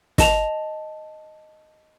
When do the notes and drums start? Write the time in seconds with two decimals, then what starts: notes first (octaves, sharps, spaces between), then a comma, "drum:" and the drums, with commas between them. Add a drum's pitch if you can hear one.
0.18 D#5 A5 F7, drum: snare